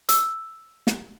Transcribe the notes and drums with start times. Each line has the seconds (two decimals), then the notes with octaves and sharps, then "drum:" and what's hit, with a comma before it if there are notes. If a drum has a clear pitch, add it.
0.09 E6, drum: hi-hat
0.87 drum: snare